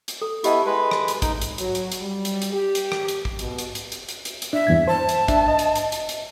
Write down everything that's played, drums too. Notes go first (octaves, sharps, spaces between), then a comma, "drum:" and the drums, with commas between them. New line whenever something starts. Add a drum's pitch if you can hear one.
drum: hi-hat
A4
B3 E4 G4 D#5 A5, drum: hi-hat
G#3 B4
drum: rim click
drum: hi-hat
D#4, drum: kick, hi-hat
drum: hi-hat
F#3, drum: hi-hat
drum: hi-hat
drum: hi-hat
G3
drum: hi-hat
drum: hi-hat
G4
drum: hi-hat
drum: rim click
drum: hi-hat
drum: kick
B2, drum: hi-hat
drum: hi-hat
drum: hi-hat
drum: hi-hat
drum: hi-hat
drum: hi-hat
drum: hi-hat
D4 E5
E2 G2 G#6
C5 A5
drum: hi-hat
D4 E5, drum: kick, hi-hat
D#5
drum: hi-hat
drum: hi-hat
drum: hi-hat
drum: hi-hat